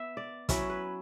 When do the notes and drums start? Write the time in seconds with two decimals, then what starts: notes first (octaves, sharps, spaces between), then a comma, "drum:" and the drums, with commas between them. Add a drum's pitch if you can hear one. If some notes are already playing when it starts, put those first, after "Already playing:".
Already playing: B3 E5
0.17 D5
0.49 F#3 C#4 E4 E5, drum: kick, hi-hat
0.70 B4